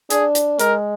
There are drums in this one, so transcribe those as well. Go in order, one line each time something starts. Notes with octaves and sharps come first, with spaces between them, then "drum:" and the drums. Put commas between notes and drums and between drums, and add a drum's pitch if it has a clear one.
D4 G#4, drum: hi-hat
drum: hi-hat
G#3 A#4, drum: hi-hat